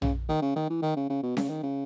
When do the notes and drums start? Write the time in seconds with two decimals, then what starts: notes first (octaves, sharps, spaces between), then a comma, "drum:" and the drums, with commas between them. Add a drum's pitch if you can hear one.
0.02 C#3, drum: tom A#1
0.29 D#3
0.42 C#3
0.56 D#3
0.70 E3
0.82 D#3
0.97 C#3
1.10 C#3
1.23 B2
1.37 C#3, drum: snare C#4
1.49 D#3
1.63 C#3